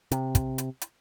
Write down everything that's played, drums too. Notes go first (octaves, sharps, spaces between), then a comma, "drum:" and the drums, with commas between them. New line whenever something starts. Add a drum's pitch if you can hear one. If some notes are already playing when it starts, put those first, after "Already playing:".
C3, drum: hi-hat
drum: kick, hi-hat
drum: hi-hat
drum: hi-hat